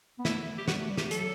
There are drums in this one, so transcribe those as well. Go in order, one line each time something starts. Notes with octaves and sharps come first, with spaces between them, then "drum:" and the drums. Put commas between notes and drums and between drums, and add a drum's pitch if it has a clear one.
B3
A3 E4, drum: snare
G4
G3 F#4, drum: snare
A3
G3
G4, drum: snare
F#3 A4, drum: hi-hat